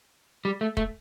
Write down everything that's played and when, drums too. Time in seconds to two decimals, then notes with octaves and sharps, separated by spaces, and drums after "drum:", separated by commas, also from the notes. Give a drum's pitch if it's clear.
0.45 G3
0.61 A3
0.77 A3, drum: kick